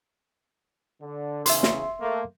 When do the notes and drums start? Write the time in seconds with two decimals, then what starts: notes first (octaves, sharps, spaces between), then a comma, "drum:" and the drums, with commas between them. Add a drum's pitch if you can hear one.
1.01 D3
1.46 E2 C#3 E5 C6, drum: hi-hat
1.63 drum: snare
1.99 A3 A#3